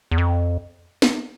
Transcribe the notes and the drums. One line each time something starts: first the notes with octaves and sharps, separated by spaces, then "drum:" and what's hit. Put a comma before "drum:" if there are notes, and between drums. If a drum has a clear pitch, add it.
E2
F2
drum: snare